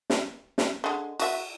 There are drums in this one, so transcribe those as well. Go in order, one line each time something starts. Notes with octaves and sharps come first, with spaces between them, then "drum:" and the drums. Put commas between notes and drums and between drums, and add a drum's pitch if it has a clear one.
drum: snare
drum: snare
D3 G#3
F#4 E5, drum: cymbal